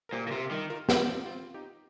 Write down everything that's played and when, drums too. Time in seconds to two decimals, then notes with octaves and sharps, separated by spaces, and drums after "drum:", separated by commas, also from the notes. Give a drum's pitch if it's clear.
0.09 A#4
0.12 A#2 G4 C5
0.27 A#2
0.31 C3 F4 A#4
0.51 D#3 G3
0.70 F4 A#4
0.89 D#4 G4, drum: snare
1.02 G4
1.07 C4 F4
1.26 C4 F4
1.54 D#4 G4